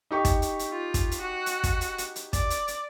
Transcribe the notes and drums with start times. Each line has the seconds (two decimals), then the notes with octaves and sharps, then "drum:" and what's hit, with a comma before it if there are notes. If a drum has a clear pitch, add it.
0.11 D#4 G4 C#6
0.25 drum: kick, hi-hat
0.42 drum: hi-hat
0.59 drum: hi-hat
0.71 F4
0.94 drum: kick, hi-hat
1.11 drum: hi-hat
1.21 F#4
1.46 drum: hi-hat
1.64 drum: kick, hi-hat
1.81 drum: hi-hat
1.98 drum: hi-hat
2.16 drum: hi-hat
2.33 D5, drum: kick, hi-hat
2.50 drum: hi-hat
2.68 drum: hi-hat